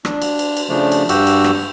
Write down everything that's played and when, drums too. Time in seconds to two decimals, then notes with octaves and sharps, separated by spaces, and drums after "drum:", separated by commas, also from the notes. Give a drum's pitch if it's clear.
0.05 D4, drum: rim click
0.22 drum: cymbal
0.39 drum: cymbal
0.57 drum: cymbal
0.69 C#3 F3 A3 D4
0.92 drum: cymbal
1.09 G2 F#4 G4 E6, drum: cymbal
1.27 drum: cymbal
1.44 drum: rim click